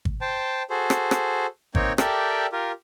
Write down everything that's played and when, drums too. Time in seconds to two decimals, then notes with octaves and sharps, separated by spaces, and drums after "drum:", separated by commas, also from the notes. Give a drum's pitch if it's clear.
0.05 drum: kick
0.21 C5 G5 A5
0.70 F#4 G#4 A4 C5
0.90 drum: rim click
1.11 drum: rim click
1.75 A#3 C4 D#4 C#5 G5, drum: kick
1.98 G4 A4 A#4 D5 E5 G5, drum: rim click
2.52 F4 G4 A#4